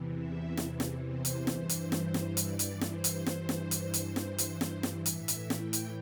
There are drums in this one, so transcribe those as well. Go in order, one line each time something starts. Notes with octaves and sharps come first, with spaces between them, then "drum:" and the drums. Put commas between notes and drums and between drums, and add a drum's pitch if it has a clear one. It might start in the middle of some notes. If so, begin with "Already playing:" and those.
Already playing: E2 C3 E3
E5
drum: snare
drum: snare
C5
drum: hi-hat
G2 E3 C5, drum: snare
drum: hi-hat
C5, drum: snare
drum: snare
D5, drum: hi-hat
drum: hi-hat
C5, drum: snare
drum: hi-hat
G2 E3, drum: snare
drum: snare
drum: hi-hat
drum: hi-hat
drum: snare
drum: hi-hat
drum: snare
drum: snare
A2 E3 E5, drum: hi-hat
drum: hi-hat
G5, drum: snare
drum: hi-hat